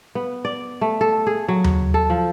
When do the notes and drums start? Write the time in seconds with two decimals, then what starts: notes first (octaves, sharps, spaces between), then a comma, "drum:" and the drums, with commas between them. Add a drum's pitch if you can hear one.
0.15 B3
0.45 D5
0.81 A3
1.01 A4
1.27 G#4
1.48 F#3
1.64 drum: tom D#2
1.94 A4
2.10 F3